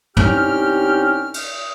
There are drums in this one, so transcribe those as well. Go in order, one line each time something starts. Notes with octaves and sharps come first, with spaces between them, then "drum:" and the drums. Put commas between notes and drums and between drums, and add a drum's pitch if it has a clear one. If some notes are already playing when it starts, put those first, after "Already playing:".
C2 C#4 D#4 G4 G5 F6, drum: tom
drum: cymbal